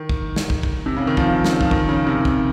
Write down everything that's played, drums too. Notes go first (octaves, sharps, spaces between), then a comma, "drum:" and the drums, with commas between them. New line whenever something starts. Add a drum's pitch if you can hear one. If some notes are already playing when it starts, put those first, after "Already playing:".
Already playing: D#3
drum: kick
drum: snare
drum: kick
drum: kick
C3
C#3
D#3
F3, drum: kick
C#3, drum: snare
F3, drum: kick
D#3, drum: kick
C#3
C3
drum: kick